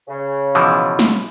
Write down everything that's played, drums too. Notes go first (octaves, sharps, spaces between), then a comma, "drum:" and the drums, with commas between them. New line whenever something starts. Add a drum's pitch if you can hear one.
C#3
B2 E3 F3
drum: snare